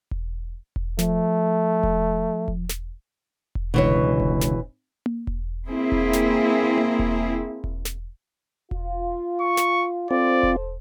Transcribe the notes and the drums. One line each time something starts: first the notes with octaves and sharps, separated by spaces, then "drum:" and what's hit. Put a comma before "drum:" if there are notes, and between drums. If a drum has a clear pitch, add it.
drum: kick E1
drum: kick E1
F3 A3, drum: snare
drum: kick E1
drum: kick E1
drum: snare
drum: kick E1
C#2 B2 D3 E3 C#5
drum: kick E1
drum: snare
drum: tom A#3
drum: kick E1
A#3 C4 E4 G#4
drum: kick E1
drum: snare
drum: tom A#3
drum: kick E1
drum: kick E1
drum: snare
F4, drum: kick E1
C#6
drum: snare
C4 F4 A4 C5 D5
drum: kick E1